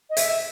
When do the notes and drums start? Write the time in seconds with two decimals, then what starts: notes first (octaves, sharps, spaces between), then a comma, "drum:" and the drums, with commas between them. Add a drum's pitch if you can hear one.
0.10 D#5
0.17 E5, drum: hi-hat